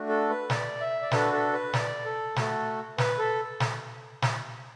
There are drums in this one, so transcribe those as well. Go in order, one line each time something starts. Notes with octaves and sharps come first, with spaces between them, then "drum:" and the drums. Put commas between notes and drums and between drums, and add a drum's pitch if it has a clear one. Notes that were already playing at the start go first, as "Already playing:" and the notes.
Already playing: A3 D4 F#4
A4
B4
D5, drum: snare
E5
D5
D4 F#4 A4 B4, drum: snare
A4
B4
D5, drum: snare
A4
A3 F#4 A4, drum: snare
B4, drum: snare
A4
drum: snare
drum: snare